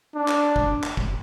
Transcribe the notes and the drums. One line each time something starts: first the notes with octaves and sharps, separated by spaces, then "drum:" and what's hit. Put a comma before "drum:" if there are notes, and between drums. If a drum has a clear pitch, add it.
D4
drum: clap
drum: kick F1
drum: clap
drum: kick F1